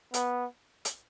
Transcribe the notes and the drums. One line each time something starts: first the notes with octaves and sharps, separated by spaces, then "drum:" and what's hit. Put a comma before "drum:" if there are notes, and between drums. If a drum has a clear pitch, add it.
B3, drum: hi-hat
drum: hi-hat